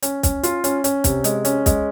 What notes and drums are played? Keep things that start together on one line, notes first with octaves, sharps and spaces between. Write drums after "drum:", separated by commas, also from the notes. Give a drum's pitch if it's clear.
C#4, drum: hi-hat
C#4, drum: kick, hi-hat
F4, drum: hi-hat
C#4, drum: hi-hat
C#4, drum: hi-hat
C3, drum: kick, hi-hat
G#3, drum: hi-hat
C#4, drum: hi-hat
G#3, drum: kick, hi-hat